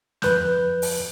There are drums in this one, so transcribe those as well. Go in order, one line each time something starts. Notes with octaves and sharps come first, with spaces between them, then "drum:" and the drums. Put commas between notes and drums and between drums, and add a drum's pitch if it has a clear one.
F2 B4 F#6 G6, drum: snare
drum: open hi-hat